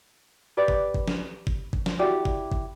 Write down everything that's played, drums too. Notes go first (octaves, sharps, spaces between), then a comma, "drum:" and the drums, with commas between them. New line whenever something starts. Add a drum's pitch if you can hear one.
G4 B4 D5
drum: kick G1
drum: kick G1
drum: snare
drum: kick G1
drum: kick G1
drum: snare
E4 F#4 G4 D5
drum: kick G1
drum: kick G1